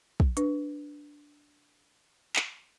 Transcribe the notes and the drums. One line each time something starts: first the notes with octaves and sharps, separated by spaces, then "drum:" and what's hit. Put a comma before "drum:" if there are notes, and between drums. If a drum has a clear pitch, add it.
drum: kick
D4 B4, drum: hi-hat
drum: clap